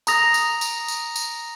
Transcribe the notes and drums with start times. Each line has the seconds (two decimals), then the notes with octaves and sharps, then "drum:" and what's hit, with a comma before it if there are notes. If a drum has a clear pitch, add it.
0.07 A#5 D#6 A#6 F7, drum: tambourine
0.34 drum: tambourine
0.61 drum: tambourine
0.88 drum: tambourine
1.16 drum: tambourine